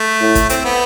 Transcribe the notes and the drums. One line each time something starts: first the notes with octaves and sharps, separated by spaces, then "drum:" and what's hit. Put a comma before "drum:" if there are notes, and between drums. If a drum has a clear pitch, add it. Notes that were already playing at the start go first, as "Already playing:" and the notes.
Already playing: A3
A2
drum: kick, hi-hat
C4, drum: hi-hat
B3